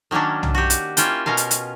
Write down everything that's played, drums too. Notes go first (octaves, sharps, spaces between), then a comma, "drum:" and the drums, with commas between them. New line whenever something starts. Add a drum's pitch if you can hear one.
D#3 F#3 A#3 C#4 D4
drum: tom
F#4 G4
drum: hi-hat
A#3 C#4 E4 F4 G5, drum: hi-hat
B2 C#4 A#4 F5
drum: hi-hat
drum: hi-hat